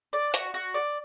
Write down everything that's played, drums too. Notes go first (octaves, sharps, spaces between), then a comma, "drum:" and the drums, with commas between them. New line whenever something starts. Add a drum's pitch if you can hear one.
D5
F#4, drum: hi-hat
F#4
D5